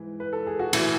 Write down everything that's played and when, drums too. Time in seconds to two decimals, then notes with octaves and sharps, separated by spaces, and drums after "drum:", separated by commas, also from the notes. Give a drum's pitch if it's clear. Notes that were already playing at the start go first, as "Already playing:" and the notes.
Already playing: G#2 E3
0.20 B4
0.33 A4
0.47 G#4
0.59 F#4
0.73 A2 E3 E4, drum: cymbal